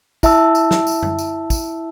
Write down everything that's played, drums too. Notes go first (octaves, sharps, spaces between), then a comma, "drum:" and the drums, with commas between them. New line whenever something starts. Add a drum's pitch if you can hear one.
E4 E5 A5 E6, drum: kick, tambourine
drum: tambourine
drum: snare
drum: tambourine
drum: tom F#2
drum: tambourine
drum: kick, tambourine